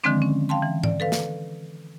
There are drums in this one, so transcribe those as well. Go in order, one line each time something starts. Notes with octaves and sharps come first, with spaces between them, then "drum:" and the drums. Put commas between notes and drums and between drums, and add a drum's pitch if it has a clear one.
D3 D#3 F3 G#3 C4 D4
C#4
F5 G5 A5 C6
E3
D5, drum: tom G#2
A4 B4 F5
drum: snare